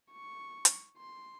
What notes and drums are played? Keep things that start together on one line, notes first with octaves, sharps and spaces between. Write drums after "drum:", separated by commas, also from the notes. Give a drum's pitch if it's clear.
C#6
drum: hi-hat
C6